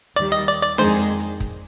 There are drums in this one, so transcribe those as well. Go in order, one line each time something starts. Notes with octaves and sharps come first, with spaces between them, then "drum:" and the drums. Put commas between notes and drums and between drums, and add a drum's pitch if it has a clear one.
D#2 D#3 G3 D5, drum: hi-hat
D#5
D5
D5
F2 D#3 G#3 D#4 G#4 C5, drum: snare D4
drum: hi-hat
drum: hi-hat
drum: kick, hi-hat